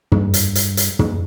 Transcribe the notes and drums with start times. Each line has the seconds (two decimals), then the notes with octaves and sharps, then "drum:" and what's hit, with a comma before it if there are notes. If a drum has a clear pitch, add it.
0.12 G2, drum: tom
0.34 drum: hi-hat
0.55 drum: hi-hat
0.77 drum: hi-hat
0.99 drum: tom